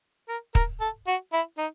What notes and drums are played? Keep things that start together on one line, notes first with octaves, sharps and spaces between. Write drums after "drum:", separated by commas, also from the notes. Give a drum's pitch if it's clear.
A#4
A#4, drum: kick
A4
F#4
E4
D#4